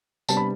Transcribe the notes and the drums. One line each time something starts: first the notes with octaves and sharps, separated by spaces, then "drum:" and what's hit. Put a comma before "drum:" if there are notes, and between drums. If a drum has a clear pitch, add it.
C3 G3 B3 D4 A5, drum: tambourine
B5